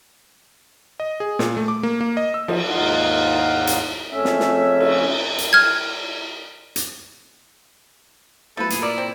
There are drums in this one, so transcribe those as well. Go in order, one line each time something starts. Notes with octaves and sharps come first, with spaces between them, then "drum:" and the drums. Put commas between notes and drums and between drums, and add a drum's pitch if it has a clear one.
D#5
G#4
A#2, drum: snare
A3
D6
A#3
A#3
D#5
E6
F3, drum: cymbal
D#2 G#2 D#4 F4 F5 F#5
drum: hi-hat
F2 C#3 A3 C#4 E5
drum: snare
drum: snare
drum: cymbal
drum: hi-hat
F6 G#6
drum: hi-hat
F3 F#3 A3 E4 A4 B4
A#2 G#4, drum: hi-hat
E4 A#4 D5
C4